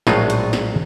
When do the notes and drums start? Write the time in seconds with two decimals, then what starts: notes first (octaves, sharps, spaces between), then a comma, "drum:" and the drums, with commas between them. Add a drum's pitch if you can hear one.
0.07 A#1 A2 F#3 G#3 D#4 F4, drum: snare
0.30 drum: hi-hat
0.53 drum: snare